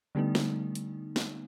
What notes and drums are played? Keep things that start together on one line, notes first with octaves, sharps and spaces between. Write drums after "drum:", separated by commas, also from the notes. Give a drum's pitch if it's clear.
D3 G3 A3 B3 D#4
drum: snare
drum: hi-hat
drum: snare